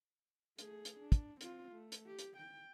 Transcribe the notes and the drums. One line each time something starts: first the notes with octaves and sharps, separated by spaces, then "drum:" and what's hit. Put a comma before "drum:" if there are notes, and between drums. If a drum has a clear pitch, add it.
A3 G#4, drum: hi-hat
drum: hi-hat
D4
drum: kick, hi-hat
C4 F4, drum: hi-hat
A3
drum: hi-hat
G4
drum: hi-hat
G5